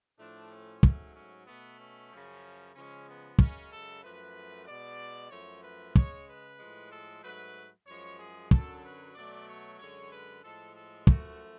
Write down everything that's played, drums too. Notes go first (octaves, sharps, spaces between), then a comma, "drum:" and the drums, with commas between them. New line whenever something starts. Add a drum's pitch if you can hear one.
A2 F3 A3 D4
C#4
G#2 F#3 A3, drum: kick
C#4
B2 A3 B3
C#4
F#2 C#3 F3
C#3 F3 G#3 C#4
B3
F#2 C#3 G#3 C#4, drum: kick
A4
F#2 F3 A3 B4
B2 G#3 D5
F#2 F3 A3 C#5
B4
C#3 G#3 C#5, drum: kick
B4
A2 F3 G#3
A4
G#2 F#3 A3 B4
F#2 F3 G#3 C#5
G#4
F#2 D3 F#3 A4, drum: kick
B4
B2 F#3 A3 D5
C#5
F#2 D3 G#3 C#5
B4
A2 F3 G#3 A4
A4
F#2 F3 A3 F#4, drum: kick